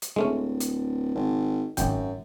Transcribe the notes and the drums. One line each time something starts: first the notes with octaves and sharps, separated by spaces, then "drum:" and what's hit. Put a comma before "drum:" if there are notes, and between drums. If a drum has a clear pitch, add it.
drum: hi-hat
D1 G#3 A3 C#4
drum: hi-hat
G#1
G#1 F#2 G5, drum: kick, hi-hat